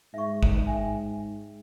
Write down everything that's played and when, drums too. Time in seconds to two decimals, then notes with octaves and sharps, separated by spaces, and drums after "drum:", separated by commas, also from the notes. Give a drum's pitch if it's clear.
0.14 G#2 E5 C#6
0.43 drum: kick
0.67 E5 G5 G#5